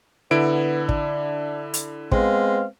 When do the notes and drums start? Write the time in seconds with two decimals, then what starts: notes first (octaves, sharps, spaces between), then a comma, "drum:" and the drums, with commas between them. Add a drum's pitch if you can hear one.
0.31 D3 B3 E4 D7
0.89 D4, drum: kick
1.74 drum: hi-hat
2.12 G#3 B3 C4 F5, drum: kick